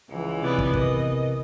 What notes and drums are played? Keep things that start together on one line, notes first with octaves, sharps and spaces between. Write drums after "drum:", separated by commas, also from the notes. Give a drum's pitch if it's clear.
C#2 E3
C3 B3 D5
drum: kick
A#4 D#5, drum: kick